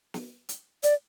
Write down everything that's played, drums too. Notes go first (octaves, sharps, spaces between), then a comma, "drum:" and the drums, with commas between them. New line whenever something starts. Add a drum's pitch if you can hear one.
drum: snare
drum: hi-hat
D5, drum: hi-hat